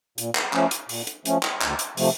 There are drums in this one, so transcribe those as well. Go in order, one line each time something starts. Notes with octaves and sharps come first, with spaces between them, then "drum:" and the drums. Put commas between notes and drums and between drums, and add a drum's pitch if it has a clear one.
A#2, drum: hi-hat
drum: clap
F3 A3 C#4, drum: clap
drum: hi-hat
A#2, drum: open hi-hat
drum: hi-hat
F3 A3 C#4, drum: hi-hat
drum: clap
D2, drum: clap
drum: hi-hat
C3 F3 A3, drum: open hi-hat